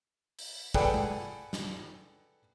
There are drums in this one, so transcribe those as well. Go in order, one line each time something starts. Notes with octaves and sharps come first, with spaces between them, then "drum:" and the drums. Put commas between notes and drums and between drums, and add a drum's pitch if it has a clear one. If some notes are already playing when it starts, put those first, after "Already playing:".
drum: open hi-hat
G#4 A4 B4 D5 F#5 G5, drum: kick
drum: tom G#3
drum: snare